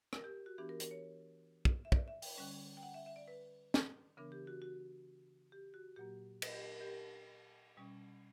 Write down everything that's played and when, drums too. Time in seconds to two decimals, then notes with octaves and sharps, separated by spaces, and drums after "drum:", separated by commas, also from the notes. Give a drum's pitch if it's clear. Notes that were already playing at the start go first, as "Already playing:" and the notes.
0.13 A#4, drum: rim click
0.24 G4
0.46 F#4
0.58 E3 B3 D4 G4
0.69 A#4
0.80 A#4, drum: hi-hat
0.91 C#5
1.65 drum: kick
1.85 E5
1.92 D5, drum: kick
2.08 E5
2.22 G5, drum: open hi-hat
2.38 D3 G3 C#4
2.77 G5
2.83 F#5
2.94 E5
3.06 E5
3.16 D5
3.28 B4
3.74 drum: snare
4.17 C#3 E3 B3 D4 A#4
4.32 G4
4.47 F#4
4.62 F#4
5.52 G4
5.74 F#4
5.96 A#2 F#3 A#3 G4
6.42 A#4, drum: cymbal
6.53 G4
6.64 A#4
6.76 A#4
6.81 G4
6.87 A#4
7.77 B2 G3 C#4